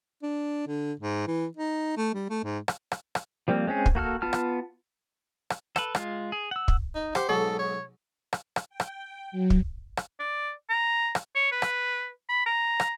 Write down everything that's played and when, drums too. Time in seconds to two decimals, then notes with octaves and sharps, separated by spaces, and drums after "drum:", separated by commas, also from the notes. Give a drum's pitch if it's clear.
0.23 D4
0.67 D3
0.99 G#2
1.27 E3
1.57 D#4
1.97 A3
2.14 G3
2.30 A3
2.44 G#2
2.68 drum: rim click
2.92 drum: rim click
3.15 drum: rim click
3.48 F3 G3 A#3 C4
3.67 G#3 C4 C#4 G#4
3.86 drum: kick
3.95 A#3 F#4 A4 F6
4.22 B3 F4 A5 F6
4.33 drum: rim click
5.50 drum: rim click
5.76 A4 B4, drum: rim click
5.95 G#3 F4, drum: rim click
6.32 G#4
6.51 F#5 E6
6.68 drum: kick
6.95 D#4
7.15 G4 C5 F#5, drum: rim click
7.29 B1 G#2 F#3 A4
7.59 C#5
8.33 drum: rim click
8.56 drum: rim click
8.69 G5
8.80 drum: rim click
9.32 F#3
9.50 drum: kick
9.97 drum: rim click
10.19 D5
10.70 A#5
11.15 drum: rim click
11.35 C#5
11.52 B4
11.62 drum: rim click
12.29 B5
12.46 A#5
12.80 drum: rim click